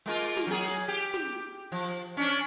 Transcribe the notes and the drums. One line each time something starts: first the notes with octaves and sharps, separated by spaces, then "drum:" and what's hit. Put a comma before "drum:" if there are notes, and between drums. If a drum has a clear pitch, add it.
G#3 A#3 F4
drum: snare
F#3 G#4
G4
drum: snare
F3
C#4 D4